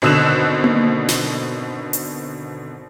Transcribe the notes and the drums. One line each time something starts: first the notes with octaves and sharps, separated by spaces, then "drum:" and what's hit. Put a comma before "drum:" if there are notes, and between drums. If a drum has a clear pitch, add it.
G#1 B2 D3 E6 F#6 E7
drum: tom A#3
drum: snare
drum: hi-hat